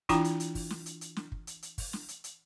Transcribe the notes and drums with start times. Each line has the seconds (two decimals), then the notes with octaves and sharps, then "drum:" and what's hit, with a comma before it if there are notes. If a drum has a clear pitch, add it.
0.09 E3 D4 E4 F4 G5 A#5, drum: kick, hi-hat
0.24 drum: hi-hat
0.40 drum: hi-hat
0.55 drum: kick, open hi-hat
0.70 drum: snare
0.86 drum: hi-hat
1.01 drum: hi-hat
1.16 drum: snare
1.32 drum: kick
1.47 drum: hi-hat
1.62 drum: hi-hat
1.78 drum: kick, open hi-hat
1.93 drum: snare
2.09 drum: hi-hat
2.24 drum: hi-hat